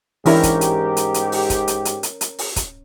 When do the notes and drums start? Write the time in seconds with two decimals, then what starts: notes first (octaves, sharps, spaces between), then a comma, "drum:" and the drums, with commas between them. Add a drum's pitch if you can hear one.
0.26 G#2 E3 C#4 D4 E4 G4 A#4, drum: open hi-hat
0.43 drum: kick, hi-hat
0.61 drum: hi-hat
0.97 drum: hi-hat
1.14 drum: hi-hat
1.32 drum: open hi-hat
1.50 drum: kick, hi-hat
1.68 drum: hi-hat
1.85 drum: hi-hat
2.03 drum: hi-hat
2.21 drum: hi-hat
2.39 drum: open hi-hat
2.56 drum: kick, hi-hat